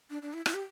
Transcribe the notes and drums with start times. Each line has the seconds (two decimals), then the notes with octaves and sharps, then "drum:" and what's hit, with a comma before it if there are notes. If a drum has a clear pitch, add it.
0.10 D4
0.22 D4
0.33 E4
0.46 E4, drum: rim click
0.54 G4